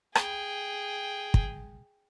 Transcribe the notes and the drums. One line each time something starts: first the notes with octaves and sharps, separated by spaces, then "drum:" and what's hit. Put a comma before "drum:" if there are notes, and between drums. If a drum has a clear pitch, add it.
G#4 G5, drum: rim click
drum: kick